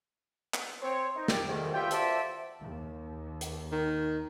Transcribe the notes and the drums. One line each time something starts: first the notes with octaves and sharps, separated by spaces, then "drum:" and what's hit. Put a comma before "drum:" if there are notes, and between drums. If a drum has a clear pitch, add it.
drum: clap
C4 C5 C#5
D#4
D4 G4 D5, drum: snare
D2 G#2 D#3
G3 B3 F4 G4 E5 G5
F4 F#4 A4 C5 D5 E5, drum: hi-hat
D#2
drum: hi-hat
D#3